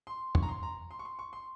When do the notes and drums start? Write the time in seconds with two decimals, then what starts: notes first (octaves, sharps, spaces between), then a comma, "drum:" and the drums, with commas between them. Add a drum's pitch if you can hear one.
0.07 C6
0.35 C#6, drum: tom
0.43 A#5
0.49 C6
0.63 A#5
0.91 C6
0.99 C#6
1.05 C6
1.19 C#6
1.33 C6